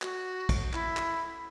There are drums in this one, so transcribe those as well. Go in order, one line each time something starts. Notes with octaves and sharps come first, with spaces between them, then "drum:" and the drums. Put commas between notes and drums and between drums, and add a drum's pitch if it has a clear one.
F#4, drum: clap
drum: kick, cymbal
E4, drum: clap
drum: clap